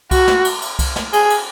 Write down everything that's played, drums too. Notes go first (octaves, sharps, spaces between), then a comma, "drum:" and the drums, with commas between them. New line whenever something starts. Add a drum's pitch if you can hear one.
F#4, drum: kick C2, cymbal
drum: snare
drum: cymbal
drum: cymbal
drum: kick C2, cymbal
drum: snare
G#4, drum: cymbal
drum: cymbal